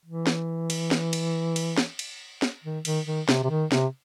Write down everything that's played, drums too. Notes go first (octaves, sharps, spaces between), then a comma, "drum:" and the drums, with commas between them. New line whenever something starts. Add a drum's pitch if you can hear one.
E3
drum: snare
drum: cymbal
drum: snare
drum: cymbal
drum: cymbal
drum: snare
drum: cymbal
drum: snare
D#3
D#3, drum: cymbal
D#3
C3, drum: snare
C3
D#3
C3, drum: snare